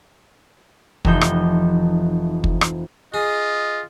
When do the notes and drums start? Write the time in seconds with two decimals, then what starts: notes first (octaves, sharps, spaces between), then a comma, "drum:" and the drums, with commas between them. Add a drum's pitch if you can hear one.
1.05 F1 E3 F3 D#4 G6, drum: kick
1.21 drum: rim click
2.44 drum: kick
2.61 drum: rim click
3.14 F4 G#4 D#5